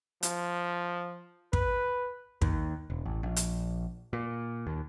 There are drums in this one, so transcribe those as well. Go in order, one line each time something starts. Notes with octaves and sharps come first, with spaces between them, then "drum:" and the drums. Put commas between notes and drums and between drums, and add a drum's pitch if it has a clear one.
F3, drum: hi-hat
B4, drum: kick
D#2, drum: kick
E1
A1
A#1
drum: hi-hat
A#2
D#2